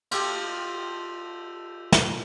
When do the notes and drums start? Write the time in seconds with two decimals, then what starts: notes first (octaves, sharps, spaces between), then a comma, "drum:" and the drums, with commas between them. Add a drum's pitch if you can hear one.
0.11 F4 G4 A4, drum: cymbal
1.92 drum: snare